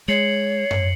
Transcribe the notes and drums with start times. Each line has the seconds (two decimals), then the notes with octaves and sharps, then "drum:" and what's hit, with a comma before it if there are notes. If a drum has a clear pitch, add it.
0.08 G#3 C#5 C7 C#7 F#7
0.71 drum: tom F#2